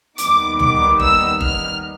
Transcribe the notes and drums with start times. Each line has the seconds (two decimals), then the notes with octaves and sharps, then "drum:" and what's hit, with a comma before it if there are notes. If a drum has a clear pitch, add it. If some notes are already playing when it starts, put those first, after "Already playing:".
0.18 D#2 D#3 G3 B3 D#4 D6, drum: hi-hat
0.59 D6, drum: tom D2
1.00 E6, drum: kick G1
1.41 F6, drum: kick G1